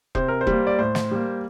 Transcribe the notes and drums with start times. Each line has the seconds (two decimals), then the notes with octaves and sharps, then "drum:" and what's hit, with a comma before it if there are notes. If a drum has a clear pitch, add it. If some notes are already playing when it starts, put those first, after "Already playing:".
0.15 C3 C5, drum: kick E1
0.28 A#4
0.41 C5
0.47 G3, drum: kick E1
0.52 A#3
0.67 D5
0.79 A2 C5
0.95 drum: snare
1.11 G3 A#3